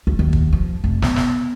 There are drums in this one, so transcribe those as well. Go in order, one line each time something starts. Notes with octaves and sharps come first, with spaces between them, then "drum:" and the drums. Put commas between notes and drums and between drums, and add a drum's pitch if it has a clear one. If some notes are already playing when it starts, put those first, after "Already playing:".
D2
D#2
drum: kick
F3
F1
B3, drum: snare
drum: snare